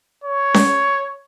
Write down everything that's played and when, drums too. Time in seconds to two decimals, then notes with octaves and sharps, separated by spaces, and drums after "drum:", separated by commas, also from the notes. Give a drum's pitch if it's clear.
0.24 C#5
0.54 drum: snare C#4